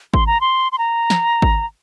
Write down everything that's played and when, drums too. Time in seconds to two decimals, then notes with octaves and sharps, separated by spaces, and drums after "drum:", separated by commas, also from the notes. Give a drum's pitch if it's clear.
0.14 C6, drum: kick G#1
0.27 A#5
0.41 C6
0.72 C6
0.78 A#5
1.10 drum: snare
1.42 drum: kick G#1